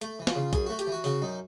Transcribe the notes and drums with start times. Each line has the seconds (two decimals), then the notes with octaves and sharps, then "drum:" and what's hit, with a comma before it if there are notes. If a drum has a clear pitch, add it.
0.01 A3, drum: hi-hat
0.20 E3
0.27 F4, drum: snare
0.35 C#3
0.53 F#2 G#4, drum: kick, hi-hat
0.66 A3 F#4
0.79 G4, drum: hi-hat
0.87 E3 F#4
1.04 C#3 F#4, drum: open hi-hat
1.22 F#2 D#4